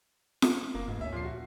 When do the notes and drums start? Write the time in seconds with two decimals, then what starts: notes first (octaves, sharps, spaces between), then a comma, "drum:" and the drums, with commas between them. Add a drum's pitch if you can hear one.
0.42 drum: snare F4
0.75 F#1 A#3
0.88 F1 G#2
1.01 D2 C#4 E5
1.12 A#2 F3 C7
1.25 F#4